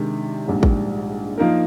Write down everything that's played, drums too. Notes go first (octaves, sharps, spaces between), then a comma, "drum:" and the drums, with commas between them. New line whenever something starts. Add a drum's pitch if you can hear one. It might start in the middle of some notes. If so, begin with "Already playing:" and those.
Already playing: C3 D#3 G#3 D4
A#1 G#2 G3
drum: kick
F3 A#3 D#4 A#4